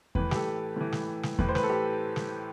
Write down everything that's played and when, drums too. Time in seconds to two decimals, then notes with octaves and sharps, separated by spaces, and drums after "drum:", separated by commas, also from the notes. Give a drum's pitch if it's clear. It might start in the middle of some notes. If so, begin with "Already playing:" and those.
0.15 A2 E3 B4, drum: kick E2
0.31 G4, drum: snare
0.35 A4
0.76 A2 E3
0.92 drum: snare
1.23 drum: snare
1.39 A2 E3 B4, drum: kick E2
1.49 C5
1.55 B4, drum: snare
1.63 A4
1.69 G4
2.16 drum: snare